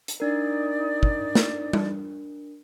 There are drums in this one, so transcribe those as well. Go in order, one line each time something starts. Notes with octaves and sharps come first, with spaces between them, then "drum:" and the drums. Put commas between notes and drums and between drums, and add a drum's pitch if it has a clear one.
drum: hi-hat
D4 D#4 A#4 D5
drum: kick
drum: snare
drum: tom G3